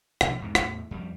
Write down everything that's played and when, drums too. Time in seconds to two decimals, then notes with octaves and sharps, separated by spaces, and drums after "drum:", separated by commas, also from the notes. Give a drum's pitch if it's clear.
0.21 A1 B2 F3 D4, drum: rim click
0.42 E2 G#2 C3
0.55 E2 A2, drum: rim click
0.91 F2 G3